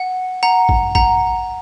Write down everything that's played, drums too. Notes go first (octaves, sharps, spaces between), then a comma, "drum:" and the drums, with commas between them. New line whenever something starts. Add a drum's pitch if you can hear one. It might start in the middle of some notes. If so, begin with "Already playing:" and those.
Already playing: F#5
F#5 A#5
drum: kick G#1
F#5 A#5, drum: kick G#1